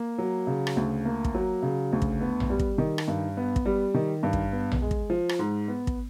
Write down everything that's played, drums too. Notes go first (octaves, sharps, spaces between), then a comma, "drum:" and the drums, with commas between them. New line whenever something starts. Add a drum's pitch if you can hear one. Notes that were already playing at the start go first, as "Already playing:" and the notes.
Already playing: A#3
F#3
C#3
drum: rim click
D2
A#3
drum: kick
F#3
C#3
D2
drum: kick
B3
drum: tom A#1
G3
drum: kick
D#3
drum: rim click
G2
B3
drum: kick
G3
D#3
G2
drum: kick
B3
drum: tom A#1
G#3
drum: kick
F3
drum: rim click
G#2
B3
drum: kick